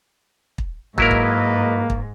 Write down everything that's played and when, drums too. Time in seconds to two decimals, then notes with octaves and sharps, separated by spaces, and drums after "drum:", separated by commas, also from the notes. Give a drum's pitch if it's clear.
0.58 drum: kick
0.98 G#2 F#3 A#3 E4 A#4 B4 D#5, drum: kick
1.11 drum: kick
1.90 drum: kick